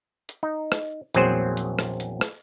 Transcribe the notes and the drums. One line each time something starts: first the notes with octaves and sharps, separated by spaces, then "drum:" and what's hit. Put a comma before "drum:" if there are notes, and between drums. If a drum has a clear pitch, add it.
drum: hi-hat
D#4
drum: rim click
A#1 E2 F#3 C4 G#4 C5, drum: hi-hat
drum: hi-hat
drum: rim click
drum: hi-hat
drum: rim click